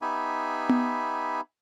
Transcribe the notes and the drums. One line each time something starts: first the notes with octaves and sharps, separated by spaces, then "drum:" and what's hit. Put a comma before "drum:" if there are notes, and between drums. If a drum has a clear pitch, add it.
B3 D#4 G4 E5 G#5 B5
drum: tom B3